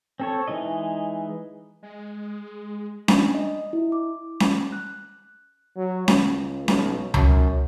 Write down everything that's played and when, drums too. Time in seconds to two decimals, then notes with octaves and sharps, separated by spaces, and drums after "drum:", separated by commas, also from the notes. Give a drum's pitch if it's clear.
0.20 C4 A4 C#5
0.47 E3 G#3 D#4 D#5
1.83 G#3
3.08 D4, drum: snare C#4
3.34 D#5
3.73 E4
3.92 D6
4.40 drum: snare C#4
4.72 F#6
5.76 F#3
6.08 C#2, drum: snare C#4
6.68 B1, drum: snare C#4
7.14 F#2, drum: tom C#2